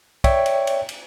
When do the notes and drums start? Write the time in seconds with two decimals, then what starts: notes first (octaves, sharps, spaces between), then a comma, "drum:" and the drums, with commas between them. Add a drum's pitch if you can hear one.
0.24 C#5 D5 E5 G5, drum: kick, cymbal
0.46 drum: cymbal
0.67 drum: cymbal
0.89 drum: cymbal